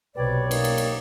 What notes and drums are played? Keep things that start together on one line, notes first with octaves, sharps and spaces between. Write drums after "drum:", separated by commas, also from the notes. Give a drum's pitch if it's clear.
B1 C3 G4 B4 C#5 D5
A#3 D#4, drum: cymbal
drum: cymbal
drum: cymbal